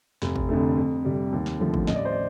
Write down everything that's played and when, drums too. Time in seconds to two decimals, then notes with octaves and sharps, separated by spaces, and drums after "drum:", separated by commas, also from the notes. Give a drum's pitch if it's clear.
0.22 F1, drum: snare
0.36 drum: kick G#1
0.49 F2 D3 A3
0.77 F2
1.05 C3 G3
1.32 D#2
1.46 drum: snare
1.60 D3 F3 A3
1.74 drum: kick G#1
1.87 A1 D#5, drum: snare
1.96 D5
2.05 C5
2.13 D5